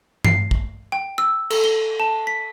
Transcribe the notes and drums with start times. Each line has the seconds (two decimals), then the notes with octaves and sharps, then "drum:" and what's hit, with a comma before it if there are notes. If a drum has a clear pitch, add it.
0.25 C7, drum: tom G2
0.51 drum: kick
0.92 G5
1.18 E6
1.50 A4, drum: cymbal
1.64 G7
2.00 A5
2.27 B6